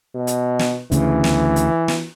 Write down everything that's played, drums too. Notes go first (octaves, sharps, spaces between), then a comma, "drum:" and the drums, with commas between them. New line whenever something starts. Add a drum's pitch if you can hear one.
B2
drum: hi-hat
drum: snare
D2 C#3 E3, drum: hi-hat
drum: snare
drum: hi-hat
drum: snare